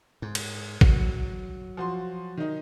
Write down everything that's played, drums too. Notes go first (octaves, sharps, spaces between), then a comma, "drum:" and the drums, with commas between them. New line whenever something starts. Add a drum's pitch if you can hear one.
G#2
drum: cymbal
F#3, drum: kick
F3 F#4 C6
D#3 D#4